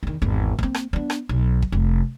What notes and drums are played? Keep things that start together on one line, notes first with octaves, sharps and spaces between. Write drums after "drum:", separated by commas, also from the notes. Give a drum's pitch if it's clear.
E2 D#3
G#1 E2
A#3 C4, drum: kick
drum: rim click
B3 D4
drum: rim click
B1
drum: kick
F1